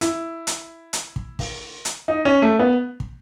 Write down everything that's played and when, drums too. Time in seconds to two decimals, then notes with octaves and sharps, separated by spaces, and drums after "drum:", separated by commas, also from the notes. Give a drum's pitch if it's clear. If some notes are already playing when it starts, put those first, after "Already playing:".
0.01 E4, drum: hi-hat
0.47 drum: hi-hat
0.93 drum: hi-hat
1.16 drum: kick
1.39 drum: kick, open hi-hat
1.85 drum: hi-hat
2.08 D#4
2.25 C#4
2.42 A3
2.59 B3
3.00 drum: kick